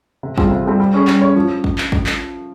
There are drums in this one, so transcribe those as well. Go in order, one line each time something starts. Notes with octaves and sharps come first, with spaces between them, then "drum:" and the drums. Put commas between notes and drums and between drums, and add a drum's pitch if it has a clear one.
C3
G3 C4 F4 G#4, drum: kick
C3
G3 C4 F4 G#4
G3
C#4 G#4 C#5
G3, drum: clap
C#4 G#4 C#5
F3
drum: kick
drum: clap
drum: kick
drum: clap